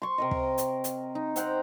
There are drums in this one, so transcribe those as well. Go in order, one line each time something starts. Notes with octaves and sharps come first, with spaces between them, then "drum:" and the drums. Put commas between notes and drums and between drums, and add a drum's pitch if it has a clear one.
C6 C#6
C3 A#4 D#5
drum: kick
drum: hi-hat
drum: hi-hat
D#4
C4 F#5 G5 A#5, drum: hi-hat